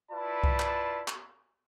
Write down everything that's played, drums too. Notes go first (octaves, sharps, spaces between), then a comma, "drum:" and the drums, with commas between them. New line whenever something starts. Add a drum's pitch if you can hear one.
E4 F4 B4 D5 A5 B5
drum: kick C2
drum: clap
drum: clap